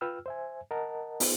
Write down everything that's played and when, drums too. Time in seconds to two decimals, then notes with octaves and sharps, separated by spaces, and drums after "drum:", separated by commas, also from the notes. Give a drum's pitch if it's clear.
0.01 F4 B4 G5 E6 F6
0.26 C5 E5 G#5
0.71 A#4 D#5 F#5 A5
1.20 B3 D#4 F4 G#4 C5, drum: open hi-hat